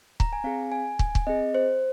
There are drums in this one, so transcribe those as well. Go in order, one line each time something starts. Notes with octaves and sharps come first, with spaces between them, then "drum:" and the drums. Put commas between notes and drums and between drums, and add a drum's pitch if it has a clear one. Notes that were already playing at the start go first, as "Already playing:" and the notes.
A#5, drum: kick
G#5
C4 G#4 F5
G#5
G#5, drum: kick
drum: kick
C4 G#4 D#5
C5